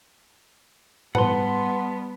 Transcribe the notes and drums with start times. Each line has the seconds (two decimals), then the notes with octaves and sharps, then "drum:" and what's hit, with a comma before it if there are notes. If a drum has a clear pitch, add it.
1.15 G3 B3 B4 F#5 A5 C6, drum: tom G#2